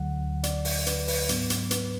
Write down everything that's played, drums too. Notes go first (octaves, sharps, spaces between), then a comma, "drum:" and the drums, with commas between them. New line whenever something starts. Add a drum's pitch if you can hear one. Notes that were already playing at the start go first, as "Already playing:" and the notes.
Already playing: D2 D3 F#3 F#5
D5, drum: hi-hat
drum: open hi-hat
B4, drum: hi-hat
B4, drum: open hi-hat
G#2 F#3 B3, drum: hi-hat
drum: hi-hat
B4, drum: hi-hat